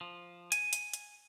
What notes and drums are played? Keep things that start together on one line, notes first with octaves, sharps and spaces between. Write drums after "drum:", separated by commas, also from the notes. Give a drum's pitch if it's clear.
F3
G#5, drum: hi-hat
drum: hi-hat
drum: hi-hat